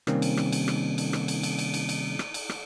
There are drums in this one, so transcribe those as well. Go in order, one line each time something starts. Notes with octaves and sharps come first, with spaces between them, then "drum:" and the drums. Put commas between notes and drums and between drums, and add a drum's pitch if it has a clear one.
C3 D#3 G3 A#3 C4 C#4, drum: rim click
drum: cymbal
drum: rim click
drum: cymbal
drum: rim click
drum: cymbal
drum: rim click
drum: cymbal
drum: cymbal
drum: cymbal
drum: cymbal
drum: cymbal
drum: rim click
drum: cymbal
drum: rim click